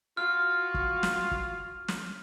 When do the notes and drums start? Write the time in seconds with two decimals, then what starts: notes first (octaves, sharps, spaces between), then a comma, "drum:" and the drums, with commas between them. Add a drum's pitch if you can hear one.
0.17 F4 F#4 F6
0.74 drum: kick
1.03 drum: snare
1.31 drum: kick
1.88 drum: snare